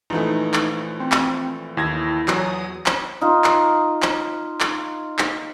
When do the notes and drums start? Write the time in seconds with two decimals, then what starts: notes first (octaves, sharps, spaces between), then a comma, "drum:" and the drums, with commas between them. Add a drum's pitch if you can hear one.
0.10 A#1 E3 A3 D#4
0.54 drum: clap
1.00 C4
1.12 drum: clap
1.77 D#2 E4 G#6 A#6
2.28 E2 F#3 D#6, drum: clap
2.86 drum: clap
3.21 D#4 F4
3.44 drum: clap
4.02 drum: clap
4.60 drum: clap
5.19 drum: clap